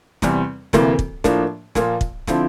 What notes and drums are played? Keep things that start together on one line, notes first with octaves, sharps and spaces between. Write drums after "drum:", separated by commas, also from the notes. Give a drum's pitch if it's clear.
E2 C3 G3 C4, drum: snare
D2 C3 E3 A#3 E4, drum: snare
drum: kick
A2 F3 A#3 D4, drum: snare
A#2 F3 A#3 F4, drum: snare
drum: kick
D3 F3 C4 E4, drum: snare